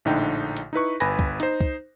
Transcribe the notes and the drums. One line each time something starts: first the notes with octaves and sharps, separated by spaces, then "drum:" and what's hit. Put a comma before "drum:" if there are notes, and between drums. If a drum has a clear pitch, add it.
A#1 A2 D3 D#4 G5
drum: hi-hat
D#4 E4 B4 C#6
G1 B4 G#5 B5 A#6, drum: hi-hat
drum: kick
D#4 C5, drum: hi-hat
drum: kick